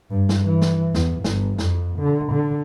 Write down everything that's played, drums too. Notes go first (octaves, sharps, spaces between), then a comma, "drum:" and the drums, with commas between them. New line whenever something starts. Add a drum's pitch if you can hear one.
G2
drum: snare
E3
drum: snare
E2, drum: snare
G1, drum: snare
F2, drum: snare
D3
D3